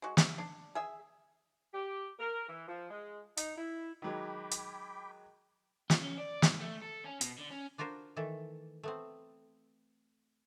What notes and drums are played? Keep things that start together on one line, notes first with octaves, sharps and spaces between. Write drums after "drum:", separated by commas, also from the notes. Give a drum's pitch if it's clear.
G#3 F#4
E5, drum: snare
D4
G#4 E5
G4
A#4
E3
F3
G#3
D#4, drum: hi-hat
E4
D#3 F#3 G#3 G5 B5 D6
drum: hi-hat
F4, drum: snare
C#4
D5
G#2, drum: snare
A3
A4
C#4
B2, drum: hi-hat
D3
C#4
D4 F4 F#4 A#4 C5
D#3 E3 A3 A4
A3 B3 C4